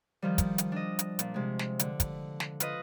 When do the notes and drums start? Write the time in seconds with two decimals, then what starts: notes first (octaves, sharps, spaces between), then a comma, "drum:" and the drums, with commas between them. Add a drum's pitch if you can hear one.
0.22 D#3 F3 G3
0.38 drum: kick, hi-hat
0.58 drum: hi-hat
0.72 D4 D#5
0.99 drum: hi-hat
1.19 A#2, drum: hi-hat
1.34 C3 G#3
1.59 drum: snare
1.79 D3, drum: hi-hat
2.00 drum: kick, hi-hat
2.40 drum: snare
2.60 F4 B4 D#5, drum: hi-hat